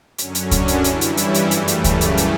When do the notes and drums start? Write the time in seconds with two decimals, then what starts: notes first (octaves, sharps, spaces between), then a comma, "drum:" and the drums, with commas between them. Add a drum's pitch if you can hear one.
0.18 F#2 D3 F#3 C#4, drum: hi-hat
0.35 drum: hi-hat
0.51 D4, drum: kick C#2, hi-hat
0.68 drum: hi-hat
0.84 G2 E3 G3 E4, drum: hi-hat
1.01 drum: hi-hat
1.17 C#4, drum: hi-hat
1.35 drum: hi-hat
1.51 F#2 C#3 E3 G3 A3, drum: hi-hat
1.68 drum: hi-hat
1.84 drum: kick C#2, hi-hat
2.01 drum: hi-hat
2.18 drum: hi-hat